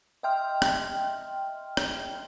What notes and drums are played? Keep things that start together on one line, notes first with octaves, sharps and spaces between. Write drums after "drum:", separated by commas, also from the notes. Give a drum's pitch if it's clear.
D#5 E5 G5 C6 F6
drum: rim click
drum: rim click